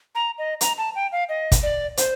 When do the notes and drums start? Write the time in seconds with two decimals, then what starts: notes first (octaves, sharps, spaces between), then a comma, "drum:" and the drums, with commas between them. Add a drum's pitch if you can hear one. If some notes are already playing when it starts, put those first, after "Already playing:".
0.15 A#5
0.38 D#5
0.61 A#5, drum: hi-hat
0.78 A5
0.95 G5
1.12 F5
1.29 D#5
1.52 drum: kick, hi-hat
1.63 D5
1.97 C5, drum: hi-hat